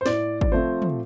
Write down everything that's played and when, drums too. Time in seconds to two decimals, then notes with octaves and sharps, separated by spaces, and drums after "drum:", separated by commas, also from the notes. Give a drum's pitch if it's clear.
0.01 C5
0.06 A2 D5, drum: snare
0.41 D5, drum: kick
0.52 F3 A3 C4 C5
0.82 drum: tom